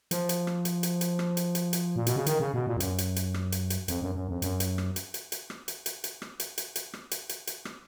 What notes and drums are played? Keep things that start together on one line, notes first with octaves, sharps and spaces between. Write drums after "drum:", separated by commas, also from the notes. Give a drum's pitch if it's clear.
F3, drum: hi-hat
drum: hi-hat
drum: rim click
drum: hi-hat
drum: hi-hat
drum: hi-hat
drum: rim click
drum: hi-hat
drum: hi-hat
drum: hi-hat
A#2
B2, drum: hi-hat
C#3
D#3, drum: hi-hat
C#3
B2
A#2
F2
F#2, drum: hi-hat
drum: hi-hat
drum: hi-hat
drum: rim click
drum: hi-hat
drum: hi-hat
F2, drum: hi-hat
F#2
F#2
F2
F#2, drum: hi-hat
drum: hi-hat
drum: rim click
drum: hi-hat
drum: hi-hat
drum: hi-hat
drum: rim click
drum: hi-hat
drum: hi-hat
drum: hi-hat
drum: rim click
drum: hi-hat
drum: hi-hat
drum: hi-hat
drum: rim click
drum: hi-hat
drum: hi-hat
drum: hi-hat
drum: rim click